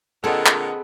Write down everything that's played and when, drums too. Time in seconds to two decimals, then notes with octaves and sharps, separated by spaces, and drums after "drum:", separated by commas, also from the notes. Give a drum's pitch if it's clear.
0.24 A#2 D3 C4 G#4 A4 B4 D#5 F#5
0.46 drum: clap